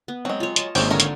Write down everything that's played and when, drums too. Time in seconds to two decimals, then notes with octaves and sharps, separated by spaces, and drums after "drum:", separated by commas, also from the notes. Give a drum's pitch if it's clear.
0.08 B3
0.25 F#3 G#3 C4
0.40 F4 C#5
0.56 D#5 A5, drum: hi-hat
0.75 G#1 F3 G#3 A#3 C#4 G4 C#6 E7, drum: open hi-hat
0.90 D3 C#4 A#4 C#5 G5 C6
1.00 drum: hi-hat